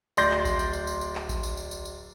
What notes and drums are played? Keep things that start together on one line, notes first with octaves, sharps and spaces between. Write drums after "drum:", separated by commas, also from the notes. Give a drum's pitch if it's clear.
D1 D5 C6 G6 A#6, drum: tambourine
drum: clap
drum: kick A1, tambourine
drum: tambourine
drum: tambourine
drum: tambourine
drum: tambourine
drum: clap
drum: kick A1, tambourine
drum: tambourine
drum: tambourine
drum: tambourine
drum: tambourine